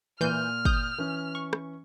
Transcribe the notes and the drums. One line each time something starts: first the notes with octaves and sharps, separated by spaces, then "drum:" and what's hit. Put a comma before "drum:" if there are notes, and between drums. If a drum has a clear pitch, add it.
A#2 E3 F6 G6 D#7
D#6 G6, drum: kick
E3 C#4
C#6
drum: rim click